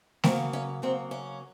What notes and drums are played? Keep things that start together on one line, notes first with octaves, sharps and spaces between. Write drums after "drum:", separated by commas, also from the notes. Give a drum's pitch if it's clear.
C#3 F#3 A#3 C4, drum: snare
C#4
C#3 F#3 A#3 C4
C#4